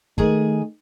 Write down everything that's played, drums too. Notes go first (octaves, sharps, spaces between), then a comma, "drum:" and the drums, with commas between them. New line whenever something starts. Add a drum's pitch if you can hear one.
D#3 A3 G#4 G#5, drum: kick